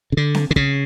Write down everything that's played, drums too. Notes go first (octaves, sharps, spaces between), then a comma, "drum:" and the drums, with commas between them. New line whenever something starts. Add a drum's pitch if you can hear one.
C#3
D3
drum: snare C4
D3
C#3, drum: kick